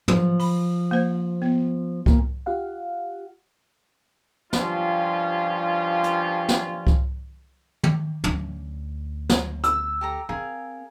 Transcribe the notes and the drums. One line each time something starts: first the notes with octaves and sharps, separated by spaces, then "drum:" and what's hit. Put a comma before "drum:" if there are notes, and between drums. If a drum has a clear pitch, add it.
F3, drum: tom
B5, drum: open hi-hat
A#3 C5
B3
A#2, drum: kick C2
F4 G4 F5 F#5
G2 F3 G3 C#4 F4, drum: snare
drum: hi-hat
drum: snare
drum: kick C2
drum: tom
D2 C#4, drum: tom
drum: snare
E6, drum: hi-hat
G4 A4 A#5
C4 G#4 A#4 F5